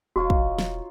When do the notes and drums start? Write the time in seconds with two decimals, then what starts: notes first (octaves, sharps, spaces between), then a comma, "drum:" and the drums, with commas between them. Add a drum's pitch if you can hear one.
0.16 E1 D#4 F4 F#4 C#5 C#6
0.30 drum: kick
0.58 drum: snare